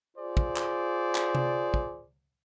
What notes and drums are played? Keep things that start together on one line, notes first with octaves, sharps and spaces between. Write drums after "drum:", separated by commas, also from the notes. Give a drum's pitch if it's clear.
F4 G#4 C5 D5
drum: kick
drum: clap
drum: clap
drum: tom C3
drum: kick